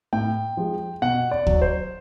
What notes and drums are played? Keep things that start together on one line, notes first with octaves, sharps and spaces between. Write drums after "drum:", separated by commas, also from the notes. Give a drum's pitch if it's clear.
A2 G5
F3 G#3
B2 F#5
D5
F#3, drum: kick
C5